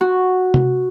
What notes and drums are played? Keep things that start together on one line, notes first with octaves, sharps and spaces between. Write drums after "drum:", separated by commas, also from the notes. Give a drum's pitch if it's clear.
F#4
drum: tom C3